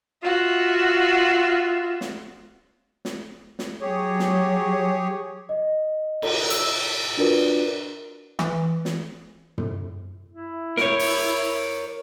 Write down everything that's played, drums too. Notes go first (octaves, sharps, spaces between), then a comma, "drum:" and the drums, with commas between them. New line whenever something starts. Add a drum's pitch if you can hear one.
F4 F#4 E5
drum: snare
drum: snare
drum: snare
F#3 G4 G#4 C#5
drum: snare
D#5
drum: cymbal
E6, drum: hi-hat
D4 F4 F#4 A#4 B4 D5
E3, drum: rim click
drum: snare
drum: tom
E4
A#4 C#5, drum: snare
drum: open hi-hat